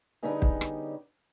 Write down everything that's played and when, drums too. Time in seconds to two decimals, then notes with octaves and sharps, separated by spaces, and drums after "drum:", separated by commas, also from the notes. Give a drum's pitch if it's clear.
0.23 D3 G3 B3 C#4 D#4 G#4
0.42 drum: kick
0.61 drum: rim click